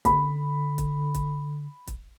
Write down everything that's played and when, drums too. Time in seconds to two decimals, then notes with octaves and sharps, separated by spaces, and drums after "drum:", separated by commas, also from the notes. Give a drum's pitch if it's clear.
0.05 D3 B5, drum: kick, hi-hat
0.78 drum: kick, hi-hat
1.14 drum: kick, hi-hat
1.87 drum: kick, hi-hat